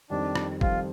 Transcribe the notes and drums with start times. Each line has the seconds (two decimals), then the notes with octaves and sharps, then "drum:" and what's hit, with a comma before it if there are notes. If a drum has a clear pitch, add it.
0.10 F2 D#3 G3 C4 D4
0.35 drum: rim click
0.61 F2 D#3 G3 C4 F4, drum: kick G1